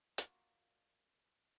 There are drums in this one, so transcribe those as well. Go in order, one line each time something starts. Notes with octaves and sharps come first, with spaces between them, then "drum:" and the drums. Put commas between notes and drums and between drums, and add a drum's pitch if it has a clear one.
A#3 D4 F4 F#4 A#4, drum: hi-hat